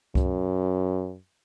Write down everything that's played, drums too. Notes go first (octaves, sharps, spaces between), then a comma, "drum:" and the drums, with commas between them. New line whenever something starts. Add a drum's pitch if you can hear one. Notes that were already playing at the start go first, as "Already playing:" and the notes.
F#2, drum: kick C2